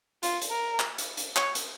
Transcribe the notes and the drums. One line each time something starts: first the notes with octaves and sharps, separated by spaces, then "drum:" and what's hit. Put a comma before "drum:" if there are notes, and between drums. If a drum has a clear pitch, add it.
F4, drum: hi-hat
drum: hi-hat
A#4
drum: clap
drum: hi-hat
drum: hi-hat
C#5, drum: clap
drum: hi-hat